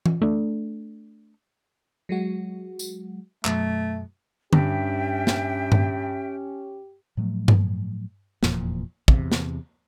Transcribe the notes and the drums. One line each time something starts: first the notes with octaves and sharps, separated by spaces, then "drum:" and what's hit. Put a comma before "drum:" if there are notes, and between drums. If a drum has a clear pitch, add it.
drum: tom E3
A3 D4
F#3 G#3 F#4
drum: tambourine
F#2 B2 F#3 A3, drum: clap
G2 C#4 G4 E5 G5, drum: tom D3
drum: snare
drum: tom G2
A2 F3 F#3 A3
drum: tom G2
F1 E2 A#2 F3, drum: snare
E2 C3, drum: kick
drum: snare